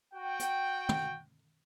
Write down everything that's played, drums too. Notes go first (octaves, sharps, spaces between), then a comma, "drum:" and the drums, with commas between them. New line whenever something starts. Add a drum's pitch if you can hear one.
F#4 G5
drum: hi-hat
drum: tom